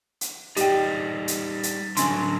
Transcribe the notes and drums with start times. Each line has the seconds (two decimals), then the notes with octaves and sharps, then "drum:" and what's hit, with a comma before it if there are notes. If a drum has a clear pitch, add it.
0.21 drum: hi-hat
0.57 G3 D#4 G4 G5, drum: hi-hat
1.28 drum: hi-hat
1.63 drum: hi-hat
1.97 D3 F#3 C#4 C6, drum: hi-hat